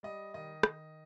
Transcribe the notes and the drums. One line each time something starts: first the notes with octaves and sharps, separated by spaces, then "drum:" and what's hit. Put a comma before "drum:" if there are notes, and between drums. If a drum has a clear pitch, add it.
G3 D#5
D#3 D#5
D#3, drum: rim click